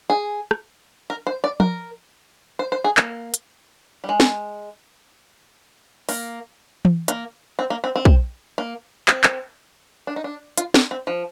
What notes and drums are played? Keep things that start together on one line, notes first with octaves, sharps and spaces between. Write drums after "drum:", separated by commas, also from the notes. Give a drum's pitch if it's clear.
G#4
drum: rim click
A#4
C5
D5
A#4, drum: tom F3
C5
C5
G#4
A#3, drum: clap
drum: hi-hat
G3
G#3
drum: snare
A#3, drum: open hi-hat
drum: tom E3
A#3, drum: hi-hat
C4
A#3
C4
C4
drum: kick
A#3
C4, drum: clap
drum: clap
D4
D#4
D4
F4, drum: hi-hat
D4, drum: snare
C4
F3